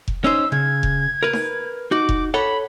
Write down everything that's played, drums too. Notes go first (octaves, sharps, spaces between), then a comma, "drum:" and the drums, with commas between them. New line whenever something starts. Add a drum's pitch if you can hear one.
drum: kick F1
C#4 D#4 C5 E6
C#3 G#6
drum: kick F1
A#4 B4
drum: snare D#4
D#4 F#4 D6
drum: kick F1
A4 C#5 F#5 B5